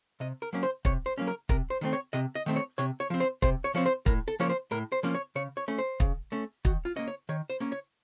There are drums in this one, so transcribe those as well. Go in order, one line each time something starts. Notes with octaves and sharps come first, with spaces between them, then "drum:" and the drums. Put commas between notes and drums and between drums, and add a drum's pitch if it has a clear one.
C3 D#5
A#4
F#3 A#3 C#4
C5
C3 C#5, drum: kick
C5
F#3 A#3 C#4
A#4
C3 A#4, drum: kick
C5
D#3 A3 C4
C#5
C3 D#5
D#5
D#3 A3 C4
C#5
C3 C#5
C#5
F3 C4
C5
C3 C5, drum: kick
C#5
F3 C4 C#5
C5
A2 A#4, drum: kick
A4
F3 A#3 C#4 C#5
C5
A2 A#4
C5
F3 A#3 C#4
C#5
C#3 C#5
C#5
A3 C#4
C5
C#3, drum: kick
A3 C#4
D#3 F#4, drum: kick
F4
A#3 C#4 D#5
C#5
D#3 C#5
C5
A#3 C#4
C#5